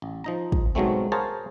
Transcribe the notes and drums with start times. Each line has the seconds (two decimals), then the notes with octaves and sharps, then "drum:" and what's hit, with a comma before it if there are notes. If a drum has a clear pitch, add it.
0.02 A1
0.24 F3 D#4 A#5
0.52 drum: kick
0.75 G#2 B2 F#3 G#3 A3 C4
1.12 G#4 A#4 C5 C#5 F5 A5